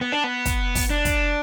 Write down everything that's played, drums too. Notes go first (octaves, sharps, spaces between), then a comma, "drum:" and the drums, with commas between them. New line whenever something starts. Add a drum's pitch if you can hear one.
B3
D4
B3
drum: kick, hi-hat
drum: kick, open hi-hat
D4
drum: kick, hi-hat